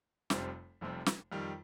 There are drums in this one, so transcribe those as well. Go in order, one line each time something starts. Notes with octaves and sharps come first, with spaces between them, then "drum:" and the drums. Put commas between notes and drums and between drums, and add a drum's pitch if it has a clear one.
F1 F2 C3 G3 C4, drum: snare
F1 F2 C3 G3 C4
drum: snare
F2 D#3 G3